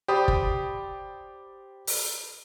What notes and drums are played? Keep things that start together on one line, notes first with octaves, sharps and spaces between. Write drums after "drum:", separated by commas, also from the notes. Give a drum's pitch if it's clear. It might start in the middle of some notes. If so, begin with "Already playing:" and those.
G4 C5 D5 B5 D#6
drum: kick
drum: open hi-hat